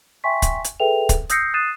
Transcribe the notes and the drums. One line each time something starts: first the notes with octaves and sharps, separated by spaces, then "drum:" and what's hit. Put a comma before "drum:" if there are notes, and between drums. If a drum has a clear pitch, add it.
E5 G5 G#5 C6 C#6 B6
drum: kick, hi-hat
drum: hi-hat
G#4 A4 B4 E5 G5 F7
drum: kick, hi-hat
D#6 E6 G6 A#6 C7 C#7, drum: hi-hat
D#6 F#6 A6 C7 D#7 E7